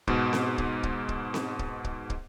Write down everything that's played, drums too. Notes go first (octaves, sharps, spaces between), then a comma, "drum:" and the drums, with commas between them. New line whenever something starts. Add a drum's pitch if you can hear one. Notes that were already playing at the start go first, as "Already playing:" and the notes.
G#2 B2, drum: kick
drum: snare C4
drum: kick
drum: kick
drum: kick
drum: snare C4
drum: kick
drum: kick
drum: kick